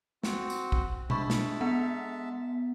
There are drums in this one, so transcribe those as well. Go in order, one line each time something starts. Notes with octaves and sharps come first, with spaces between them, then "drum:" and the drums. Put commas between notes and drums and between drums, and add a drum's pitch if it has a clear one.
C4 F#4, drum: snare
drum: tambourine
drum: kick
G#3 D4 E5 A5 B5 C#6, drum: tom B2
drum: snare
B3 F#5 B6